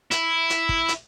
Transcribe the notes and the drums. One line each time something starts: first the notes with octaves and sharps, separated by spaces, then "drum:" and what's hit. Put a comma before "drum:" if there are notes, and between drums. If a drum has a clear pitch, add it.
E4, drum: hi-hat
drum: hi-hat
drum: kick
drum: hi-hat